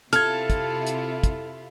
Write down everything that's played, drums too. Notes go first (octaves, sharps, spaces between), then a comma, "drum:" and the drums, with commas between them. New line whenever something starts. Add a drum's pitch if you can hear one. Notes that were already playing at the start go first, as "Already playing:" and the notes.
C3 E4 F4 A4 F6 G#6, drum: hi-hat
drum: kick, hi-hat
drum: hi-hat
drum: kick, hi-hat